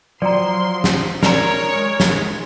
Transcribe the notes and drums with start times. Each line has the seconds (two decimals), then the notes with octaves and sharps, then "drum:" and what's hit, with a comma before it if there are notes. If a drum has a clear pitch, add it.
0.22 F3 F#3 D5 G5 A#5 C6
0.84 drum: snare
1.23 G#3 A#4 C#5 D5 A#5, drum: snare
2.00 drum: snare